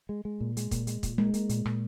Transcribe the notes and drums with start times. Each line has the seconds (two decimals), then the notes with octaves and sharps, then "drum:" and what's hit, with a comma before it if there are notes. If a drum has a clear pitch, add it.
0.09 G#3
0.25 G#3
0.41 A#2
0.57 G#3, drum: hi-hat
0.71 A#2, drum: kick, hi-hat
0.87 G#3, drum: hi-hat
1.03 A#2, drum: kick, hi-hat
1.18 G#3 A#3
1.34 A#3, drum: hi-hat
1.49 A#2, drum: hi-hat
1.66 A#2, drum: rim click